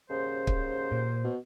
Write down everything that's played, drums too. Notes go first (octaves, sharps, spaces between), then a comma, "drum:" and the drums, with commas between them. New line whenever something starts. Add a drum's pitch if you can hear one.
D#2 G#2 C#3 C5
drum: kick
A#2
B2